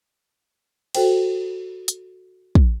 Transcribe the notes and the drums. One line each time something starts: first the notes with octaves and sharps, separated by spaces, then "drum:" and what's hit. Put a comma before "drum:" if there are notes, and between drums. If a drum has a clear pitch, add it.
F#4 A4 C5 G5, drum: cymbal
drum: hi-hat
drum: kick